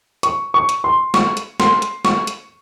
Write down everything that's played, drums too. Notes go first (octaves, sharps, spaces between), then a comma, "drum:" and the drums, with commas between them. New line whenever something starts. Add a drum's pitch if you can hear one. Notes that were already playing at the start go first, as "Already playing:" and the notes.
C#6, drum: hi-hat
C#6
drum: hi-hat
C6
C#6, drum: snare
drum: hi-hat
C6, drum: snare
drum: hi-hat
C#6, drum: snare
drum: hi-hat